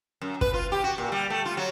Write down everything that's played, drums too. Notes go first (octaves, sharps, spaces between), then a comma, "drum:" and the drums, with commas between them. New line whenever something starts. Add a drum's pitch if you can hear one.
F#2
B4, drum: kick
F4
G4
F#4
A#2
G3
A3
F4
F#3